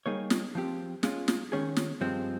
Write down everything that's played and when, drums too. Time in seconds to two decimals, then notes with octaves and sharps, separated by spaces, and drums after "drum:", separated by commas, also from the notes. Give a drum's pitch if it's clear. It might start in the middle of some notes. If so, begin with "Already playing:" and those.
0.06 G3 A#3 D#4 G#4 C#5
0.30 drum: snare
0.55 F3 C4 G4
1.03 G#3 C#4 F4, drum: snare
1.28 drum: snare
1.52 D#3 G#3 C#4 G#4 C#5
1.77 drum: snare
2.01 G2 F3 G#3 C4